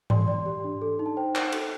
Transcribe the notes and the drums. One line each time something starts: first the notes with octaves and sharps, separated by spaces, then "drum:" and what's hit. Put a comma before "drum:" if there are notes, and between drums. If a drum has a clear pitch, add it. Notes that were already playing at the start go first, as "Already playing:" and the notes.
D5 C6, drum: tom G#2
D5
G4
D4
A4
D#4
A5
C5 G5
C5, drum: clap
A4, drum: cymbal